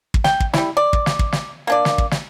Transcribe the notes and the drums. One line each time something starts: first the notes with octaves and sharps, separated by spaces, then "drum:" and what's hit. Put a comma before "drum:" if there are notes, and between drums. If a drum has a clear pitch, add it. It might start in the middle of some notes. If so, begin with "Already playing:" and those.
drum: kick
G5, drum: snare
drum: kick
G3 E4, drum: snare
D5
drum: kick
drum: snare
drum: kick
drum: snare
A#3 D4 D5
drum: snare
drum: kick
drum: snare